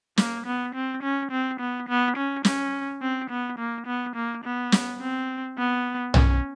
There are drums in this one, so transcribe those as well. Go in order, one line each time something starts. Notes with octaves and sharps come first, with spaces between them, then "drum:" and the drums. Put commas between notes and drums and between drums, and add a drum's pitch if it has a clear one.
A#3, drum: snare
B3
C4
C#4
C4
B3
B3
C#4
C#4, drum: snare
C4
B3
A#3
B3
A#3
B3
drum: snare
C4
B3
C#4, drum: tom B1